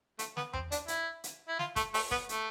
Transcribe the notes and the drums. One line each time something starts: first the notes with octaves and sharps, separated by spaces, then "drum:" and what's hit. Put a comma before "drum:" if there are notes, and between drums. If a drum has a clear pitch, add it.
A3, drum: hi-hat
B3, drum: snare
C4, drum: tom E2
D4, drum: hi-hat
E4, drum: hi-hat
drum: hi-hat
E4
F4, drum: snare
A3, drum: kick, hi-hat
A3, drum: open hi-hat
B3, drum: kick
A3, drum: hi-hat